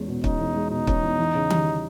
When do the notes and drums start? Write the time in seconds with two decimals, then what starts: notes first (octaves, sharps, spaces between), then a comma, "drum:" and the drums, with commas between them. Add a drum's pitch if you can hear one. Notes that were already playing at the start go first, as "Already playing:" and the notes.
Already playing: E2 G#3 C#4
0.08 B2
0.24 C#4 D#4, drum: kick
0.40 E2
0.56 G#3
0.71 B2 D#4
0.87 C#4, drum: kick
1.03 E2
1.18 E3
1.34 C#3
1.50 G3, drum: tom D#3